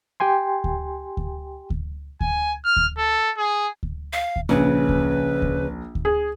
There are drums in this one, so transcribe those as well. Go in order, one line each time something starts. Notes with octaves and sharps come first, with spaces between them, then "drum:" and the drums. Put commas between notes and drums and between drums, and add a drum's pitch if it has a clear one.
G4 G5 G#5 C6
drum: kick D2
drum: kick D2
drum: kick D2
G#5, drum: kick D2
F6
drum: kick D2
A4
G#4
drum: kick D2
F5
drum: kick D2
A#1 C#3 B4
drum: kick D2
drum: kick D2
drum: kick D2
G#4